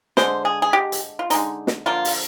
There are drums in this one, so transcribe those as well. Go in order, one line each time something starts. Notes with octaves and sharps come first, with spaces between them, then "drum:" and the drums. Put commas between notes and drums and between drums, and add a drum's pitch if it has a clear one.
D3 G#3 C5, drum: snare
G#4
G#4
D3 G#3 G4
drum: hi-hat
F4
D3 G#3 D#4, drum: hi-hat
drum: snare
D3 F3 A#3 F4
drum: open hi-hat